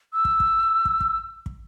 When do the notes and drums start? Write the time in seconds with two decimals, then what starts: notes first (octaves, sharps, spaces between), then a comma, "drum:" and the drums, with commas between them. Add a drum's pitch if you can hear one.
0.13 E6
0.25 drum: kick
0.40 drum: kick
0.85 drum: kick
1.00 drum: kick
1.46 drum: kick